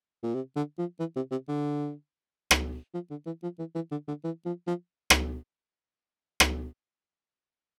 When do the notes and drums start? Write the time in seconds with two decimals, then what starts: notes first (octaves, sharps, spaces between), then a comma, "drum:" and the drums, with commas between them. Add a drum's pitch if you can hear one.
0.23 A#2
0.34 C3
0.56 D3
0.78 F3
0.99 E3
1.16 C3
1.31 C3
1.48 D3
2.51 drum: rim click
2.94 F3
3.10 D3
3.26 E3
3.43 F3
3.59 E3
3.75 E3
3.91 D3
4.08 D3
4.24 E3
4.45 F3
4.67 F3
5.10 drum: rim click
6.40 drum: rim click